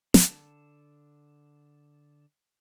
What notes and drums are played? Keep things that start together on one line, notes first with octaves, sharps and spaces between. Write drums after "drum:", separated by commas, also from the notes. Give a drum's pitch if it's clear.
D3 A5, drum: snare